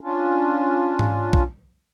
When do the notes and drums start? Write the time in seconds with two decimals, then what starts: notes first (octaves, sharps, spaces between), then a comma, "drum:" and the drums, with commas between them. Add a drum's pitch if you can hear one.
0.01 C#4 D4 F4
0.99 drum: tom G#2
1.33 drum: kick